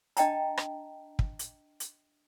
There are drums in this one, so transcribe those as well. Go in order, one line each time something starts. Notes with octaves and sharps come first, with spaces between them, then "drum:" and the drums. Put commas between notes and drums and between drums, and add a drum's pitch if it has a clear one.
D4 D#5 G5 A5 A#5, drum: hi-hat
drum: rim click
drum: kick
drum: hi-hat
drum: hi-hat